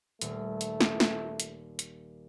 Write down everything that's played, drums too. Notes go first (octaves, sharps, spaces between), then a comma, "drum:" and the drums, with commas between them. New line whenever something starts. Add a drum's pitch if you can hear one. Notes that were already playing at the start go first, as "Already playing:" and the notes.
D#1 A3, drum: hi-hat
drum: hi-hat
drum: snare
drum: snare
drum: hi-hat
drum: hi-hat